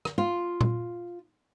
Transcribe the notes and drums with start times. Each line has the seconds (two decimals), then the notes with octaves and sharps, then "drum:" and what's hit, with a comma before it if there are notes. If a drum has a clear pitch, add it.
0.05 drum: rim click
0.18 F4
0.61 drum: tom A#2